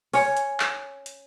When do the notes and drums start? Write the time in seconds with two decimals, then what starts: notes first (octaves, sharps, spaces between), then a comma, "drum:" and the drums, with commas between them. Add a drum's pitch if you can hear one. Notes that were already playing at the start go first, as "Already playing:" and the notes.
0.13 C#4 C#5, drum: open hi-hat
0.37 drum: hi-hat
0.60 drum: clap
1.06 drum: hi-hat